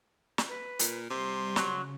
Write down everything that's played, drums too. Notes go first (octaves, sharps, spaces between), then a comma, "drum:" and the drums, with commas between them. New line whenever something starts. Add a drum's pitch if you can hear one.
drum: snare
B4
A#2, drum: hi-hat
C3 G3 C6
C#3 F#3, drum: snare